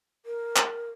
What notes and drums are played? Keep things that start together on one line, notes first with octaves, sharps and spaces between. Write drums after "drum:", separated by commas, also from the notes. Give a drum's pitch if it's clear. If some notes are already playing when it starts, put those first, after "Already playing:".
A#4
drum: clap